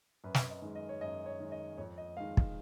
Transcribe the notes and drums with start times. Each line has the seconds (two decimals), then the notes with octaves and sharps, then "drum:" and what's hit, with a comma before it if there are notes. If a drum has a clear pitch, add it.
0.24 F#2 B4
0.34 drum: snare
0.50 D#5
0.62 D#3 G#3
0.75 D#5
0.89 C#5
1.01 F#2 D#5
1.26 C#5
1.40 D#3 G#3
1.52 D#5
1.77 F2 C#5
1.98 D#5
2.17 D#3 G#3 F5
2.37 drum: kick